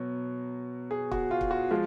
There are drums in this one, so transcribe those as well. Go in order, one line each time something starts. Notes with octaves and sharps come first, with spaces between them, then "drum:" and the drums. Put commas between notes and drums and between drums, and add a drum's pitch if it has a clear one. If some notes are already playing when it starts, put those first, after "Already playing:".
Already playing: B2 F#3
G#4
F#4, drum: kick
F4
drum: kick
F#4
F3 G#3 F4